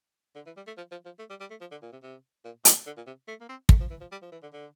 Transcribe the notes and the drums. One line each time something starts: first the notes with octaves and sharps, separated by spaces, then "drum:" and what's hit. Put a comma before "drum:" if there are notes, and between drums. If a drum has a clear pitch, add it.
D3
E3
G3
A3
F3
F3
F3
A3
G3
G3
A3
F3
D3
A#2
C3
C3
A#2
A2, drum: hi-hat
D3
A#2
C3
A3
A#3
C4
A3, drum: kick
F3
E3
F3
G3
F3
E3
D3
D3